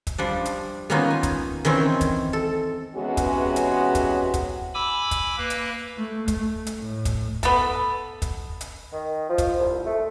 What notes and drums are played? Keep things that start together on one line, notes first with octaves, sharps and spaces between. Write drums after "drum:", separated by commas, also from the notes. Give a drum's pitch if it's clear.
drum: kick, hi-hat
F3 G3 D4
drum: hi-hat
D#3 A#3 B3 C#4 D#4 F4
G#5
drum: kick, hi-hat
D#3 E3 C4 C#4
drum: kick, hi-hat
A4
C3 E3 G#3 B3 C#4 F#4
drum: kick, hi-hat
drum: hi-hat
drum: kick, hi-hat
drum: kick, hi-hat
G#5 B5 D6 E6
drum: kick, hi-hat
A#3 B4
drum: hi-hat
A3
A3, drum: kick, hi-hat
drum: hi-hat
A2
drum: kick, hi-hat
B3 A4, drum: kick, hi-hat
drum: kick, hi-hat
drum: hi-hat
D#3
F3
drum: kick, hi-hat
C2
A3